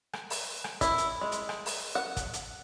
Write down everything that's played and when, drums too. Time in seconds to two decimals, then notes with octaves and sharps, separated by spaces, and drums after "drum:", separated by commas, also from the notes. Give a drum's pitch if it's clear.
0.13 drum: rim click
0.30 drum: open hi-hat
0.64 drum: rim click
0.81 E4, drum: kick, hi-hat
0.98 drum: hi-hat
1.21 G#3
1.32 drum: hi-hat
1.49 drum: rim click
1.66 drum: open hi-hat
1.95 F#5
2.17 drum: kick, hi-hat
2.33 drum: hi-hat